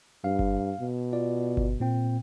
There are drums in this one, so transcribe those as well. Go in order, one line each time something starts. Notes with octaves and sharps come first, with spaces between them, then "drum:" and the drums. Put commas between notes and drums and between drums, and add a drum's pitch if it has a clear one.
G2 F5
drum: kick G1
B2
F4 D5
drum: kick G1
A#2 C4 G5